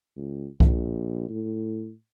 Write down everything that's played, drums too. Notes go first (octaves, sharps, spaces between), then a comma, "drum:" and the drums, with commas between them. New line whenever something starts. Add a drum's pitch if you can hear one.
C#2
A#1, drum: kick C2
A2